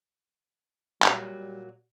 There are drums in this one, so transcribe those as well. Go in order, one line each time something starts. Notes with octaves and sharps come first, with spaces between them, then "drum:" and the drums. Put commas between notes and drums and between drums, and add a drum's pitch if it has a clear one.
A#2 F#3 G3, drum: clap